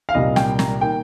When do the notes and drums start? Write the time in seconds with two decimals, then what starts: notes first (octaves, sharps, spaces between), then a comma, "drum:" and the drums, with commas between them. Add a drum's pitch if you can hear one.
0.09 F5
0.14 C2 A#2 G3 A#3 D#5
0.36 G5, drum: snare
0.59 A#5, drum: snare
0.81 D#3 A#3 G5